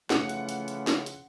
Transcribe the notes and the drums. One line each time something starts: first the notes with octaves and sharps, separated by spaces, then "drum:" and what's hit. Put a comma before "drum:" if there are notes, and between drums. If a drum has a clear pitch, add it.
C#3 E3 F3 A3 F#5, drum: snare
drum: hi-hat
drum: hi-hat
drum: hi-hat
drum: snare
drum: hi-hat